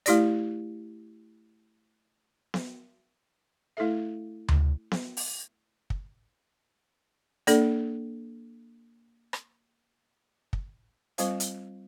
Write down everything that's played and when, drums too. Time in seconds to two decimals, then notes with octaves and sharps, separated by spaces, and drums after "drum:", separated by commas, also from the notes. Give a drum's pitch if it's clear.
0.06 A3 E4 G4 D5, drum: hi-hat
2.54 drum: snare B3
3.77 A3 E4 A4 E5
4.48 drum: tom D2
4.91 drum: snare B3
5.17 drum: open hi-hat
5.90 drum: kick
7.47 A#3 D4 A4 D5, drum: hi-hat
9.33 drum: rim click
10.53 drum: kick
11.18 G3 C4 F4 C5 F5, drum: hi-hat
11.40 drum: hi-hat